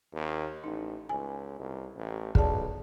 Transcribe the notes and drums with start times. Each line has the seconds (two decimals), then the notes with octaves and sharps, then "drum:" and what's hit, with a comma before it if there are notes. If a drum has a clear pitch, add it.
0.13 D#2
0.64 A1 D#4
1.09 C#2 G#5
1.60 C2
1.96 A1
2.35 B1 G#4 D5 A5, drum: kick